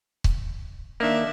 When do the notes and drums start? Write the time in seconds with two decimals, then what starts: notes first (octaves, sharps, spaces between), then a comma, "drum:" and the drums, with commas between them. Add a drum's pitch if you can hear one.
0.24 drum: kick C#1
1.00 D#3 A#3 D4 E5